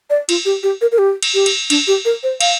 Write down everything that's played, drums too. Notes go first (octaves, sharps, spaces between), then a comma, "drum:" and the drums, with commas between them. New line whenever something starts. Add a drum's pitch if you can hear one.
D5
F4, drum: cymbal
G4
G4
A#4
A#4
G4
drum: cymbal
G4
drum: cymbal
D4, drum: cymbal
G4
A#4
C5
F5, drum: cymbal